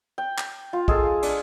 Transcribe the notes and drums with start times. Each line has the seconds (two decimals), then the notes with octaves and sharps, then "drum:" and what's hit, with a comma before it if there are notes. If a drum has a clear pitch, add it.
0.18 G5
0.38 drum: clap
0.73 F4
0.88 G#3 G#4 A4 F5, drum: kick A#1
1.23 D4, drum: cymbal